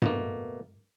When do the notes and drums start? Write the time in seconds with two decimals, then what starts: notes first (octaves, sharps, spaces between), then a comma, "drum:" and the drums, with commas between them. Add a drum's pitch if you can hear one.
0.02 B2 A3 A#3, drum: tom G2